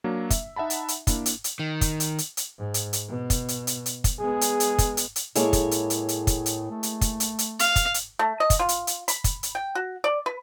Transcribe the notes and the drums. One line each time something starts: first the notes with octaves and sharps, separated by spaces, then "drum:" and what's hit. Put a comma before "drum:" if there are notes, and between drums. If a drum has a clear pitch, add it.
F#3 A#3 D4
E5, drum: kick, hi-hat
D#4 E5 F#5 A5 B5
drum: hi-hat
drum: hi-hat
A#3 D4 E4, drum: kick, hi-hat
drum: hi-hat
drum: hi-hat
D#3
drum: kick, hi-hat
drum: hi-hat
drum: hi-hat
drum: hi-hat
G#2
drum: hi-hat
drum: hi-hat
B2
drum: kick, hi-hat
drum: hi-hat
drum: hi-hat
drum: hi-hat
drum: kick, hi-hat
G#3 B3 G#4
drum: hi-hat
drum: hi-hat
drum: kick, hi-hat
drum: hi-hat
drum: hi-hat
A2 G#3 A#3 E4 G#4 A4 C#5, drum: hi-hat
drum: kick, hi-hat
drum: hi-hat
drum: hi-hat
drum: hi-hat
drum: kick, hi-hat
drum: hi-hat
A3
drum: hi-hat
drum: kick, hi-hat
drum: hi-hat
drum: hi-hat
F5, drum: hi-hat
drum: kick, hi-hat
drum: hi-hat
A3
D#5
drum: kick, hi-hat
F4
drum: hi-hat
drum: hi-hat
B5, drum: hi-hat
drum: kick, hi-hat
drum: hi-hat
G5
F#4
D5
B4